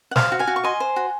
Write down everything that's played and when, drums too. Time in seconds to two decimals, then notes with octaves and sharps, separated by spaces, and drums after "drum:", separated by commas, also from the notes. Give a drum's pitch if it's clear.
0.11 F#5
0.16 C5 F5, drum: snare
0.32 F#4
0.39 F5 G#5
0.47 F#4
0.56 C#6
0.63 D#5 G#5 C6
0.80 C5
0.96 F#4